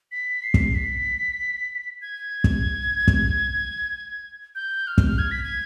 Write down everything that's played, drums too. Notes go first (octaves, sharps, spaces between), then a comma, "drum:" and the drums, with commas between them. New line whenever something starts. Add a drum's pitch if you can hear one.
B6
C7
drum: kick
B6
G#6
drum: kick
drum: kick
G6
F6
drum: kick
G#6
B6
G#6